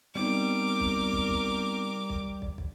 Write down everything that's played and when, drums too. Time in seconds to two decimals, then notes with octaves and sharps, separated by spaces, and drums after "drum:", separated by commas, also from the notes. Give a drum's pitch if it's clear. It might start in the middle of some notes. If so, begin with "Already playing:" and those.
0.15 G3 B3 C4 D#4 A#4 D6
0.80 drum: kick
1.12 drum: kick
1.29 drum: kick
2.10 drum: kick
2.42 drum: kick
2.58 drum: kick